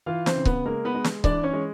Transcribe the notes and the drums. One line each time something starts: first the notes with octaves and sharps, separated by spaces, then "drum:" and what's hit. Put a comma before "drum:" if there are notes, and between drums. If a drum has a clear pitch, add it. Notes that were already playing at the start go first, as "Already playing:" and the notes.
E3 F4 F5
C4 C5, drum: snare
C#3
B3 B4, drum: kick C#1
G#3 A#3 A#4
B3 B4
G#3
drum: snare
E3 D4 D5, drum: kick C#1
C#4 C#5
G#3